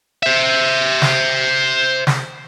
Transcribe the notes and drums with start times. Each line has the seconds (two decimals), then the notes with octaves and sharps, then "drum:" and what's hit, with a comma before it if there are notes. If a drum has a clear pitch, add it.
0.23 C5 E5
1.02 drum: snare
2.07 drum: snare